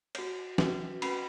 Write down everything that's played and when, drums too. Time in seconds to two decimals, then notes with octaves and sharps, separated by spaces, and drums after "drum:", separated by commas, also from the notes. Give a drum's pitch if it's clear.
0.15 F#4 C#5, drum: cymbal
0.58 C#4 F#4 B4, drum: snare
1.02 C#4 F#4 B4 B5, drum: cymbal